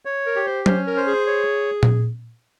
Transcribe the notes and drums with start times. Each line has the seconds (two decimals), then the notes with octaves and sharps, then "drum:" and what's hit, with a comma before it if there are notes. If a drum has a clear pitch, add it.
0.05 C#5
0.26 A#4
0.36 G4
0.46 C5
0.66 C#4 C5, drum: tom F#3
0.87 A#4
0.97 C5
1.07 G#4
1.27 C#5
1.83 drum: tom A#2